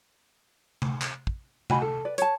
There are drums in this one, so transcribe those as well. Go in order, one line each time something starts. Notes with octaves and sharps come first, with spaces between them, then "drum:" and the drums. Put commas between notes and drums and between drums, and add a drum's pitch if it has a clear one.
drum: tom C3
drum: clap
drum: kick
F#4 D#5 G#5 B5, drum: tom C3
A4
B4 D5
C#5 A5, drum: hi-hat